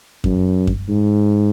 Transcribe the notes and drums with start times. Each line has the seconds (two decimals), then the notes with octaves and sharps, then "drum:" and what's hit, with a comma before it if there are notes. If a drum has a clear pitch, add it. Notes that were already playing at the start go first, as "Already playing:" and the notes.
0.24 F#2, drum: kick F#2
0.67 drum: kick F#2
0.89 G#2